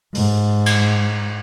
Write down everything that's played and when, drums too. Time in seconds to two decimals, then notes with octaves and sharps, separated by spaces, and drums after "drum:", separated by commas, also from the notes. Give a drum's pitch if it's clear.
0.15 G#2, drum: open hi-hat
0.66 drum: cymbal